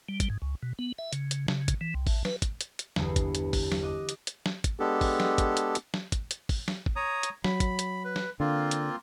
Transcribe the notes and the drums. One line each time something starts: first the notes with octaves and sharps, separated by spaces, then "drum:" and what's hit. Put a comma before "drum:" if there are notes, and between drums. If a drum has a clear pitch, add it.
G3
drum: kick, hi-hat
G#2
C#2
B2
B3
E5
C#3, drum: hi-hat
drum: hi-hat
C#3, drum: snare
drum: kick, hi-hat
E3
C2
A1, drum: kick, open hi-hat
B4, drum: snare
drum: kick, hi-hat
drum: hi-hat
drum: hi-hat
G1 E2 C7, drum: snare
drum: kick, hi-hat
drum: hi-hat
drum: kick, open hi-hat
drum: snare
D#5 D6 F#6 D#7
drum: hi-hat
drum: hi-hat
drum: snare
drum: kick, hi-hat
G#3 B3 D4 G4 A4
drum: kick, open hi-hat
drum: snare
drum: kick, hi-hat
drum: hi-hat
drum: hi-hat
drum: snare
drum: kick, hi-hat
drum: hi-hat
drum: kick, open hi-hat
drum: snare
drum: kick
C#5 A#5 D#6
drum: hi-hat
F#3 B5, drum: snare
drum: kick, hi-hat
drum: hi-hat
B4
drum: snare
D3 A#3 C4 F4
drum: hi-hat